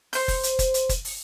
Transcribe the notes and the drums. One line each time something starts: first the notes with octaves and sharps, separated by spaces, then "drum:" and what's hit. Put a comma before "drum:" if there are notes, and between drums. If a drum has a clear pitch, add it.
C5 G6, drum: open hi-hat
drum: kick, open hi-hat
drum: hi-hat
drum: kick, hi-hat
drum: hi-hat
drum: kick, hi-hat
drum: open hi-hat